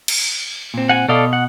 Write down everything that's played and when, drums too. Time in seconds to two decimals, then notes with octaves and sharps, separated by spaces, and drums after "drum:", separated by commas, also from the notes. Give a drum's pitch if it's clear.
0.08 drum: cymbal
0.74 A#2 C4
0.89 F#5 G#5
1.09 B2 A4 D5 D#5 F5
1.33 F#5